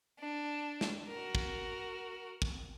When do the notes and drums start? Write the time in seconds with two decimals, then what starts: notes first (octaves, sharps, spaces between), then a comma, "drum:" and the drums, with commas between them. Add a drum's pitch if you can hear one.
0.20 D4
0.81 drum: snare
1.08 F#4 A#4
1.35 drum: kick
2.42 drum: kick